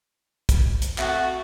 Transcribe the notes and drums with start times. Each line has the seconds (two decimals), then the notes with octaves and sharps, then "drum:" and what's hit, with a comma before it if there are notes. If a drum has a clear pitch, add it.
0.49 drum: kick, hi-hat
0.82 drum: hi-hat
0.98 A3 C4 F#4 F#5, drum: clap